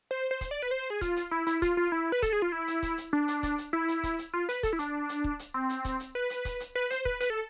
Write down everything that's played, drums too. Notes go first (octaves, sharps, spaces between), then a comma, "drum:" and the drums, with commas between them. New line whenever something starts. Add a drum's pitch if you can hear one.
C5
C5
drum: kick, hi-hat
D5
B4
C5
G#4
F4, drum: kick, hi-hat
drum: hi-hat
E4
E4, drum: hi-hat
F4, drum: kick, hi-hat
F4
E4
B4
A4, drum: kick, hi-hat
G#4
F4
E4
drum: hi-hat
drum: kick, hi-hat
drum: hi-hat
D4
drum: hi-hat
drum: kick, hi-hat
drum: hi-hat
E4
drum: hi-hat
drum: kick, hi-hat
drum: hi-hat
F4
B4, drum: hi-hat
A4, drum: kick, hi-hat
E4
D4, drum: hi-hat
drum: hi-hat
drum: kick
drum: hi-hat
C4
drum: hi-hat
drum: kick, hi-hat
drum: hi-hat
B4
drum: hi-hat
drum: kick, hi-hat
drum: hi-hat
B4
C5, drum: hi-hat
B4, drum: kick
B4, drum: hi-hat
A4